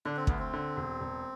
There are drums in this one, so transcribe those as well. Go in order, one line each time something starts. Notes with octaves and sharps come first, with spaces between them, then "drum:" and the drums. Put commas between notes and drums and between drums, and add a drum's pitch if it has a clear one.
D3 D4
C4
D2 B3, drum: kick
C4
D3
E1
E1